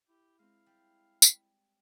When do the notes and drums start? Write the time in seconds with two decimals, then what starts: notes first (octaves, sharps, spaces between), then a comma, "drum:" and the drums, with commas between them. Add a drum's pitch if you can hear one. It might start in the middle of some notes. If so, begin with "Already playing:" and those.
0.09 E4 G4
0.39 G#3 C4 F5
0.66 G3
1.22 drum: tambourine